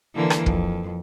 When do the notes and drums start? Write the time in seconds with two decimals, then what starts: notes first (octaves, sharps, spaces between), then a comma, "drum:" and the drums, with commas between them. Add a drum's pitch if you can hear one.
0.16 D3 E3 A#3
0.30 drum: rim click
0.46 F2, drum: kick